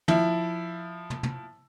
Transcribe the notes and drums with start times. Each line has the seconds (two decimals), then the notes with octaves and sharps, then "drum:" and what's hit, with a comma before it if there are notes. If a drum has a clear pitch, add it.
0.08 F3 E4, drum: tom
1.10 drum: tom
1.23 drum: tom